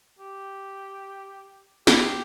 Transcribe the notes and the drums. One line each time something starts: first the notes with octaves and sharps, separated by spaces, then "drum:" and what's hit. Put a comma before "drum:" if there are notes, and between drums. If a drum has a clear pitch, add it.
G4
G4, drum: snare